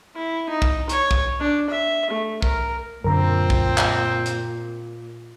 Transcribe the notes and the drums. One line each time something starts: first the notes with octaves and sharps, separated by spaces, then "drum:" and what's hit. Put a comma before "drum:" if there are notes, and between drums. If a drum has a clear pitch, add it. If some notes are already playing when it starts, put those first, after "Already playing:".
E4
D#4
drum: kick
C#5, drum: hi-hat
drum: kick
D4
E5
A3
A#4, drum: kick
F#2 A#2 D3 C4 A#4 A#5
drum: kick
drum: clap
drum: hi-hat